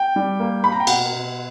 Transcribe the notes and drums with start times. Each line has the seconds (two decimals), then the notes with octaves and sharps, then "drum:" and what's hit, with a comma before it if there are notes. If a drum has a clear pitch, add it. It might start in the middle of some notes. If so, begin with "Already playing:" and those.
Already playing: G5
0.16 G3
0.39 A#3
0.63 A#3 B5
0.72 A#5
0.80 G5
0.87 B2 F#5, drum: cymbal
1.12 B2